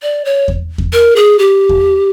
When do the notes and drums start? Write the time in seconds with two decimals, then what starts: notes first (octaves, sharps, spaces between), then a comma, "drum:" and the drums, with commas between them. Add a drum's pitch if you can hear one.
0.03 D5
0.25 C#5
0.48 drum: kick E2
0.78 drum: kick E2
0.93 A#4
1.16 G#4
1.39 G4
1.69 drum: kick E2